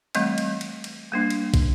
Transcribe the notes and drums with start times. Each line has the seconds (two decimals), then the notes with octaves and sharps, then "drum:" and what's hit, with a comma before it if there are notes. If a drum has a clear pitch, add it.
0.15 E3 G3 A3 C4 D#5, drum: cymbal
0.38 drum: cymbal
0.61 drum: cymbal
0.84 drum: cymbal
1.12 G3 A#3 D4
1.30 drum: cymbal
1.54 drum: kick, cymbal